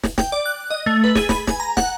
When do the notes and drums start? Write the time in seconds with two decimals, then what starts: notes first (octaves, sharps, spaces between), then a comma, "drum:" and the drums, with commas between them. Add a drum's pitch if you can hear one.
0.03 drum: snare
0.18 G5, drum: snare
0.32 D5
0.46 F#6
0.70 D#5
0.86 A3
1.04 B4
1.15 G#4, drum: snare
1.29 B5, drum: snare
1.47 G#5, drum: snare
1.60 A#5
1.77 F#5, drum: snare